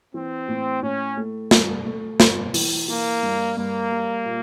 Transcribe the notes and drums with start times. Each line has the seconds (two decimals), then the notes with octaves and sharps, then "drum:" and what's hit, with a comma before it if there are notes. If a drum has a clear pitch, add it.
0.14 E3 C4
0.48 A2
0.82 A2 C#4
1.17 A3
1.51 G2, drum: snare
1.85 A3
2.20 G1, drum: snare
2.54 E3, drum: open hi-hat
2.88 E3 A#3
3.23 G2
3.57 G2 A#3
3.91 G3
4.26 A#2